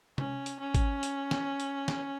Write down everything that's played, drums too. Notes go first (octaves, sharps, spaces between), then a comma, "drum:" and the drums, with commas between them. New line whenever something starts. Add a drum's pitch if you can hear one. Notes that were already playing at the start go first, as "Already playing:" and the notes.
C#4, drum: tom C3
drum: hi-hat
C#4
drum: kick, hi-hat
drum: hi-hat
drum: snare
drum: hi-hat
drum: snare